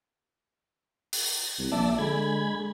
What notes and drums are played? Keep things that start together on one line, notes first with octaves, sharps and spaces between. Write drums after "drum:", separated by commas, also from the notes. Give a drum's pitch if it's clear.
drum: open hi-hat
C2
A#1 D5 E5 A5
D3 G#3 B5 G#6